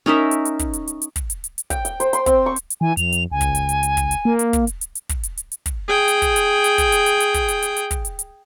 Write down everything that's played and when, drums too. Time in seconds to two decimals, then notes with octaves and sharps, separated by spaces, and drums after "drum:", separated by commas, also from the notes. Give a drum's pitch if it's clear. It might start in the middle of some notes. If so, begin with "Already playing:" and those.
0.06 C#4 D#4 A#4 E5
0.31 drum: hi-hat
0.45 drum: hi-hat
0.59 drum: kick, hi-hat
0.73 drum: hi-hat
0.87 drum: hi-hat
1.02 drum: hi-hat
1.16 drum: kick, hi-hat
1.30 drum: hi-hat
1.44 drum: hi-hat
1.58 drum: hi-hat
1.70 G5, drum: kick, hi-hat
1.85 G5, drum: hi-hat
2.00 C5, drum: hi-hat
2.13 C6, drum: hi-hat
2.26 C4, drum: kick, hi-hat
2.46 C#6
2.56 drum: hi-hat
2.70 drum: hi-hat
2.81 E3 G#5
2.97 F2 F7, drum: hi-hat
3.12 drum: hi-hat
3.31 C#2 G#5
3.41 drum: kick, hi-hat
3.55 drum: hi-hat
3.69 drum: hi-hat
3.83 drum: hi-hat
3.97 drum: kick, hi-hat
4.11 drum: hi-hat
4.25 A#3
4.39 drum: hi-hat
4.53 drum: kick, hi-hat
4.67 drum: hi-hat
4.81 drum: hi-hat
4.95 drum: hi-hat
5.09 drum: kick, hi-hat
5.23 drum: hi-hat
5.37 drum: hi-hat
5.52 drum: hi-hat
5.66 drum: kick, hi-hat
5.88 G#4 G5
6.08 drum: hi-hat
6.22 drum: kick, hi-hat
6.36 drum: hi-hat
6.64 drum: hi-hat
6.78 drum: kick, hi-hat
6.92 drum: hi-hat
7.06 drum: hi-hat
7.20 drum: hi-hat
7.34 drum: kick, hi-hat
7.48 drum: hi-hat
7.62 drum: hi-hat
7.77 drum: hi-hat
7.91 drum: kick, hi-hat
8.05 drum: hi-hat
8.19 drum: hi-hat